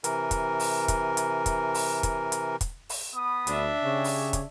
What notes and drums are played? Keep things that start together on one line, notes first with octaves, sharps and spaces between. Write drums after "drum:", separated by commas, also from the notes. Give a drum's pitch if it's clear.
C3 E3 A#4, drum: hi-hat
drum: kick, hi-hat
drum: open hi-hat
drum: kick, hi-hat
drum: hi-hat
drum: kick, hi-hat
drum: open hi-hat
drum: kick, hi-hat
drum: hi-hat
drum: kick, hi-hat
drum: open hi-hat
B3 B5 D#6
D2 D4 E5, drum: hi-hat
C#3 G4 G#4 C#5
drum: open hi-hat
drum: kick, hi-hat